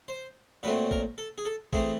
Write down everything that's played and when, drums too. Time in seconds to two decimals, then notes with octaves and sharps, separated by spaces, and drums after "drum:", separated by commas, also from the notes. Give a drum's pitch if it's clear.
0.08 C5
0.63 A#2 F#3 A3 C4 B4
0.91 A#4, drum: kick
1.18 A4
1.38 G#4
1.45 A4
1.73 E3 A3 C4 G#4, drum: kick